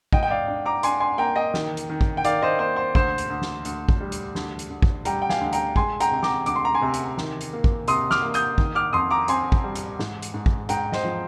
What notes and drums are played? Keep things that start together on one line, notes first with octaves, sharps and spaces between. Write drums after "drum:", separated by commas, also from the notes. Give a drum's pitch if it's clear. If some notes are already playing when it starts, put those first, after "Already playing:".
G#2 D#5 G5, drum: kick
G5
D5 F5
D4
A#5 D6
D4 G#5 C6, drum: hi-hat
G#5 C6
A#3 G5 A#5
D#5 G5
D#3, drum: snare
drum: hi-hat
D#3
drum: kick
G5
D#3 D5 F5, drum: hi-hat
C5 D#5
A#3 C5
C5
D2 C5, drum: kick
drum: hi-hat
D2
drum: snare
D2, drum: hi-hat
drum: kick
G3
drum: hi-hat
D2, drum: snare
drum: hi-hat
D2
drum: kick
G3 G5 A#5, drum: hi-hat
G5
F5 G#5, drum: snare
D2
G5 A#5, drum: hi-hat
G#3 G#5 C6, drum: kick
G5 A#5, drum: hi-hat
C3
A#5 D6, drum: snare
D2 D6, drum: hi-hat
C6
A#5
G#5 C6
C3
drum: hi-hat
D#3, drum: snare
drum: hi-hat
A#3
drum: kick
C3 C6 D#6, drum: hi-hat
D6 F6, drum: snare
A#3
D#6 G6, drum: hi-hat
D#3, drum: kick
D6 F6
F2 C6 D#6
A#5 D6
C4 G#5 C6, drum: hi-hat
drum: kick
G3
drum: hi-hat
G#2, drum: snare
drum: hi-hat
G#2
drum: kick
G#2 G5 A#5, drum: hi-hat
C5 D#5, drum: snare
F3